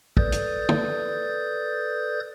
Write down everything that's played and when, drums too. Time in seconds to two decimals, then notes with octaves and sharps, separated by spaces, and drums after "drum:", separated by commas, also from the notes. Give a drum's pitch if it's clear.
0.17 A4 B4 D5 D#6 G6 A6, drum: kick
0.32 drum: hi-hat
0.69 drum: tom